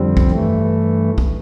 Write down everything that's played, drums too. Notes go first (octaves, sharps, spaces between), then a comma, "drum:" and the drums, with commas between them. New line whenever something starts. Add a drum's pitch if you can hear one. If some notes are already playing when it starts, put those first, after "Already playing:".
Already playing: F2 D3 G3 C4
drum: kick
G2 E3 A3
drum: kick